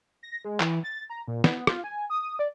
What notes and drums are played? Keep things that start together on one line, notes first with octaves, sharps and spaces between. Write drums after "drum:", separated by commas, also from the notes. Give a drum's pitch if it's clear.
A#6
G#3
E3, drum: clap
A6
A#5
A#2
B3, drum: snare
F4, drum: rim click
G#5
D#6
D5